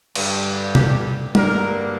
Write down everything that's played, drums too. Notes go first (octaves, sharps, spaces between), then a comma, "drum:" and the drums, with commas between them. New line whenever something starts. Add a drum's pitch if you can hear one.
G2 D3 G3, drum: cymbal
G4, drum: tom C3
G2 D3 A#3 A#4, drum: tom